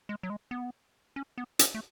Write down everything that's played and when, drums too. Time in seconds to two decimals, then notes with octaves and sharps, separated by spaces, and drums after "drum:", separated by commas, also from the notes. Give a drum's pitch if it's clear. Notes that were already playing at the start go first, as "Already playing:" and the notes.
0.09 G#3
0.23 F#3
0.30 G#3
0.51 B3
1.16 C#4
1.38 B3
1.59 C#4, drum: hi-hat
1.75 A3